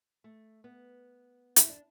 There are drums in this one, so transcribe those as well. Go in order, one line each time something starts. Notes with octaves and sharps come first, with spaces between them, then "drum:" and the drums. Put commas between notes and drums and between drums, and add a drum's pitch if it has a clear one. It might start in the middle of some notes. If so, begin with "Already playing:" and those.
A3
B3
E4, drum: hi-hat
D4